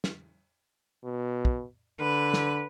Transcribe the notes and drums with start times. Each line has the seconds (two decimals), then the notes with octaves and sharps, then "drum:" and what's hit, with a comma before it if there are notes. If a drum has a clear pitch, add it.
0.04 drum: snare
1.05 B2
1.45 drum: kick
2.00 D3 B4
2.34 drum: snare